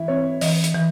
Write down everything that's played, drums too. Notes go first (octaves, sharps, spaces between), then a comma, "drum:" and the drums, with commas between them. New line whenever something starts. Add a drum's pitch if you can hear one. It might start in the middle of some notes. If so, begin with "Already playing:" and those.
Already playing: E3 E4
C4 C#5
E3 D#5, drum: open hi-hat
drum: hi-hat
E3